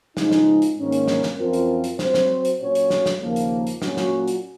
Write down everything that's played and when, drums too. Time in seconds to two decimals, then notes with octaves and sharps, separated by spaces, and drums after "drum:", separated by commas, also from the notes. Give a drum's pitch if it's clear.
0.17 C#3 F3 G#3 D#4, drum: snare
0.31 drum: snare
0.62 drum: hi-hat
0.77 G#2 D#3 A#3 C#4
0.92 drum: hi-hat
1.08 drum: snare
1.23 drum: snare
1.38 F#2 F3 C4 F4 A#4
1.53 drum: hi-hat
1.84 drum: hi-hat
1.99 F#3 C4 F#4 C5, drum: snare
2.14 drum: snare
2.45 drum: hi-hat
2.60 A#2 F#3 C#4 F#4 C#5
2.75 drum: hi-hat
2.90 drum: snare
3.06 drum: snare
3.21 D#2 C#3 F3 A#3
3.36 drum: hi-hat
3.67 drum: hi-hat
3.82 A#2 F#3 C#4 F#4, drum: snare
3.97 drum: snare
4.28 drum: hi-hat